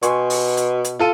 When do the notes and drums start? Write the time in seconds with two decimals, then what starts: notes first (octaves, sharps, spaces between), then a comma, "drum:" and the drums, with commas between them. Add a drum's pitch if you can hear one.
0.03 B2 G#5 C6 C#6, drum: hi-hat
0.30 drum: open hi-hat
0.57 drum: hi-hat
0.84 drum: hi-hat
1.00 F4 A4 D#7